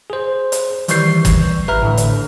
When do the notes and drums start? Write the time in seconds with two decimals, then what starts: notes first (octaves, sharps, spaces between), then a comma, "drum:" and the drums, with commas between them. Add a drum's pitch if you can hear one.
0.10 G#4 C5
0.52 drum: hi-hat
0.88 D#3 E3 G3 C#6 G6 C7, drum: hi-hat
1.25 drum: kick G1, hi-hat
1.68 A1 B4 E5 A#5 F6
1.82 A2 D3
1.97 drum: hi-hat